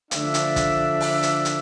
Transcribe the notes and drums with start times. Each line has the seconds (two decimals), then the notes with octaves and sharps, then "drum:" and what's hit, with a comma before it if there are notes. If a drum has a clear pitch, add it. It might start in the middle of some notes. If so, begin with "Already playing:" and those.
0.11 D3 F3 A3 D4 E5, drum: hi-hat
0.34 drum: hi-hat
0.56 drum: kick, hi-hat
1.01 drum: open hi-hat
1.23 drum: hi-hat
1.45 drum: hi-hat